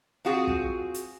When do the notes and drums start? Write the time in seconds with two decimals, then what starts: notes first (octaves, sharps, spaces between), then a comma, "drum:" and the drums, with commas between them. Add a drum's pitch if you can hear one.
0.25 C4 F4 F#4 G#4
0.47 drum: kick
0.94 drum: hi-hat